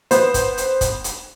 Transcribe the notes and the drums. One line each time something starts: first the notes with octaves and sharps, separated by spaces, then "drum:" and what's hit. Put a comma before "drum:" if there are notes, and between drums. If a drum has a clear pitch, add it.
B3 C5, drum: hi-hat
drum: kick, hi-hat
drum: hi-hat
drum: kick, hi-hat
drum: hi-hat